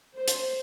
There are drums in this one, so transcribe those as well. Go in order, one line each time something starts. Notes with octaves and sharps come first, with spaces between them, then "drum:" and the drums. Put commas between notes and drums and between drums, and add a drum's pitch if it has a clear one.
C5
drum: hi-hat